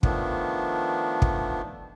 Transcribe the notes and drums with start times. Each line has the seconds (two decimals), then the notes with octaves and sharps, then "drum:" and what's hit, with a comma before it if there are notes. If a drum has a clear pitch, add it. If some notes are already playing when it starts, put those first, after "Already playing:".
0.03 D#3 F3 A3 B3 D4, drum: kick
1.22 drum: kick